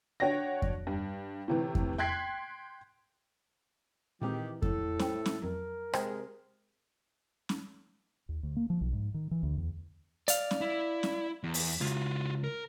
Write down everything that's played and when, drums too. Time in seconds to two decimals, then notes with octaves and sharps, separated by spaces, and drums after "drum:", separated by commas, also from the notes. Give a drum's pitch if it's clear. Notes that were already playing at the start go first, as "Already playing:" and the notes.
0.20 D4 F#4 C#5 G5 A#6
0.62 drum: kick F2
0.87 G2
1.48 A2 C3 E3
1.75 drum: kick F2
1.98 G5 C6 F#6 G#6 B6 C7
4.22 A#2 D#3 E3 G#3 C4 G4
4.62 A2 E4 A4, drum: kick F2
4.99 C5 G5, drum: snare C#4
5.26 drum: snare C#4
5.42 F2 F#3 A#4
5.93 C3 G#3 C5 G5, drum: rim click
7.49 drum: snare C#4
8.29 D#2
8.43 D2
8.56 A#3
8.70 F3
8.81 B1
8.93 G#2
9.14 D#3
9.31 E3
9.43 D2
9.57 E2
10.28 D5 F5, drum: hi-hat
10.51 drum: snare C#4
10.61 E4
11.03 drum: snare C#4
11.44 E2
11.54 drum: open hi-hat
11.81 C#2 F4 F#4
12.44 A#4